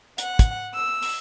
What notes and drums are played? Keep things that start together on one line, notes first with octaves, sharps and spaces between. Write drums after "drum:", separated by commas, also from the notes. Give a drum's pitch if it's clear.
F#5, drum: hi-hat
drum: kick, hi-hat
E6
drum: open hi-hat